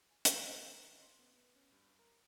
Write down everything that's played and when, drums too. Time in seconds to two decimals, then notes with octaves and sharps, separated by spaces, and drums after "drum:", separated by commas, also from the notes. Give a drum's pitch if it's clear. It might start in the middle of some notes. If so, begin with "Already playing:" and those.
0.11 G#5
0.25 G2, drum: hi-hat
0.47 A3
0.65 C5
1.02 C6
1.19 B3
1.34 B3
1.56 C#4
1.72 G2
1.99 A#4